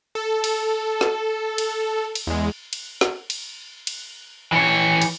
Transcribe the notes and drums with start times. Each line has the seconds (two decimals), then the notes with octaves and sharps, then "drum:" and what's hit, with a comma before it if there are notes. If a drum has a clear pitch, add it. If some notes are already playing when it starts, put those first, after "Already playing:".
0.15 A4
0.44 drum: cymbal
1.01 drum: snare
1.58 drum: cymbal
2.15 drum: cymbal
2.27 E2 G#3
2.73 drum: cymbal
3.01 drum: snare
3.30 drum: cymbal
3.87 drum: cymbal
4.52 E3 C#5
5.02 drum: cymbal